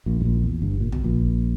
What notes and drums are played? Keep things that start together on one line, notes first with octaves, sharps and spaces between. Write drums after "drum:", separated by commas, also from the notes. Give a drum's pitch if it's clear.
A#1 A#2
G2
A#1 A#2
E2
G1 G2
A#2
B2, drum: tom
A#1 A#2